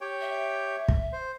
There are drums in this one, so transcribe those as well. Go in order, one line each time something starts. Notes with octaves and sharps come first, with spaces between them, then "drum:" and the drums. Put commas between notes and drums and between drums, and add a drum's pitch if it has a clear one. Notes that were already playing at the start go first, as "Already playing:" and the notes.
G4 C#5 G5
E5
drum: kick
C5